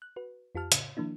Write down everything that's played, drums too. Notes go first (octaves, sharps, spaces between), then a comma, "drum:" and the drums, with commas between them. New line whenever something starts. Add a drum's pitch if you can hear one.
F#6
F#4 B4
F2 F4 G4 A5 F6
A2 C#3, drum: hi-hat
D#3 F3 A#3 D4 E4